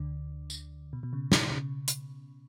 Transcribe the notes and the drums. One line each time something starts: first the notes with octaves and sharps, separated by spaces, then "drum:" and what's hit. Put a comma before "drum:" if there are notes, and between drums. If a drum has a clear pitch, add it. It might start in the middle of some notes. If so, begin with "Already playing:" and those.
Already playing: D2 D3
drum: tambourine
B2
B2
C#3
B2, drum: snare
C#3
drum: hi-hat